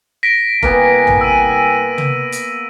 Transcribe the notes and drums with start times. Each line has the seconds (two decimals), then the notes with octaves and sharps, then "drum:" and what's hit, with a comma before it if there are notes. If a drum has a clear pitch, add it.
0.23 A#6 B6 D7
0.63 C2 A#3 B3 G#4 G5 G#5, drum: kick F1
1.07 drum: tom A1
1.21 E6 D#7
1.98 drum: tom
2.32 drum: hi-hat